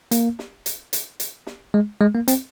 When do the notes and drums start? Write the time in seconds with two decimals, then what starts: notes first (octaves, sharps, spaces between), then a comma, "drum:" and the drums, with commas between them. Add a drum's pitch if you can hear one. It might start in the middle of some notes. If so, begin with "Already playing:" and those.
0.11 A#3, drum: hi-hat
0.39 drum: snare
0.66 drum: hi-hat
0.93 drum: hi-hat
1.20 drum: hi-hat
1.47 drum: snare
1.74 G#3
2.01 G#3
2.14 A#3
2.28 C4, drum: hi-hat